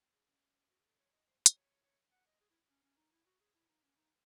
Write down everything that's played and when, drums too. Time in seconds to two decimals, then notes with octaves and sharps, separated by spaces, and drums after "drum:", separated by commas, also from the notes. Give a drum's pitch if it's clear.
0.13 G#4
0.27 C#4
0.70 F#4
0.80 G#4
0.89 A4
0.98 C#5
1.13 D#5
1.27 C5
1.46 C5, drum: hi-hat
1.56 C#5
1.84 C#5
2.12 F#5
2.27 D#5
2.40 G#4
2.50 E4
2.69 C#4
2.83 C#4
2.97 D#4
3.12 E4
3.26 F#4
3.40 G#4
3.54 E4
3.69 D#4
3.83 C#4
3.97 D#4